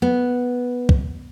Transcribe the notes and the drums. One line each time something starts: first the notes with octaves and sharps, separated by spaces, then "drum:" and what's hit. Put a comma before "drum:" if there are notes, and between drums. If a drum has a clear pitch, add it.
B3
drum: kick